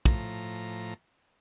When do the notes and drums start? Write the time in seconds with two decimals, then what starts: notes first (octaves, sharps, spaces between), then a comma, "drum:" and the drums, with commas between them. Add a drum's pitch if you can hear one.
0.05 A2 F3 A#5, drum: kick